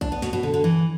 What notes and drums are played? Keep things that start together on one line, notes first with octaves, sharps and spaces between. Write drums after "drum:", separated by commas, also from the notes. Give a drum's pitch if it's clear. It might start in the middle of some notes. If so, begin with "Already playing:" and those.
D4, drum: kick A#1
B3
B2, drum: snare
B2
D3
D3
E3